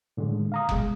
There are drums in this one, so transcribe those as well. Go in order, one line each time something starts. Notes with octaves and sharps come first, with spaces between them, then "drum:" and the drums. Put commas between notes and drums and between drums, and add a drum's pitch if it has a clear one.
A2 D3 D#3 G#3
F5 A#5 D#6
B2 G#3, drum: kick F1